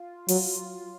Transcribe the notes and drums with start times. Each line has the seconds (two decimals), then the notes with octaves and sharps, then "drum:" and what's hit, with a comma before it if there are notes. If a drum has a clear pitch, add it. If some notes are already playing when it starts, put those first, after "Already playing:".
Already playing: F4
0.28 F#3, drum: open hi-hat